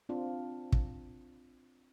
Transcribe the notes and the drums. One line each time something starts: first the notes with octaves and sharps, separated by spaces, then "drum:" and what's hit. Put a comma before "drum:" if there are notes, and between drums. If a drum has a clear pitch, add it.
C4 D4 F4
drum: kick